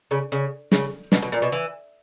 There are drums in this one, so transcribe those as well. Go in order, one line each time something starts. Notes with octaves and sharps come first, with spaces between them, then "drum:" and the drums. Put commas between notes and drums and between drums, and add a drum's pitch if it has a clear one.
C#3
C#3
C#3, drum: snare
B2, drum: snare
B2
A#2
B2
E3